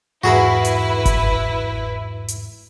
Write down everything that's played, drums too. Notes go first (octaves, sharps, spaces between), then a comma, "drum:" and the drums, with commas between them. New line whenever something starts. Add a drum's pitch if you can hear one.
E2 G#2 E4 F#4 G#4 A#4 B4
drum: hi-hat
drum: kick G1, hi-hat
drum: hi-hat